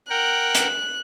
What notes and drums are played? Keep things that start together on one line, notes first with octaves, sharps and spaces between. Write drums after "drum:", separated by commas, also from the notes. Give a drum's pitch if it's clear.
A#4 F#5 G5 F#6
drum: hi-hat